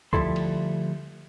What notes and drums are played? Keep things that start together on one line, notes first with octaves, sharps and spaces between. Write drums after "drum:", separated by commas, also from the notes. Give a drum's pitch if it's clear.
D2 F3 G3 E4 A4 C6, drum: kick
drum: cymbal